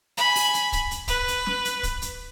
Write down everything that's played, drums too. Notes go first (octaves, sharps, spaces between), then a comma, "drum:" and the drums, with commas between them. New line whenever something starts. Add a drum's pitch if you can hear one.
G#5 B5, drum: hi-hat
drum: open hi-hat
drum: hi-hat
drum: kick, hi-hat
drum: hi-hat
B4, drum: kick, hi-hat
drum: hi-hat
drum: snare
drum: hi-hat
drum: kick, hi-hat
drum: hi-hat